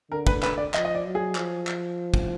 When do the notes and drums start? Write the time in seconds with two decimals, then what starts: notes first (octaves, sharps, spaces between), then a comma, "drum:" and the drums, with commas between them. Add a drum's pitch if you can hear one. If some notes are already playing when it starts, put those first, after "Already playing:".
0.11 D3 A#4
0.27 B4, drum: kick
0.43 B4, drum: clap
0.58 D5
0.74 F3 D#5, drum: clap
0.85 D#5
0.95 D5
1.05 F#3
1.15 G#4
1.35 F3, drum: clap
1.67 drum: clap
2.14 drum: kick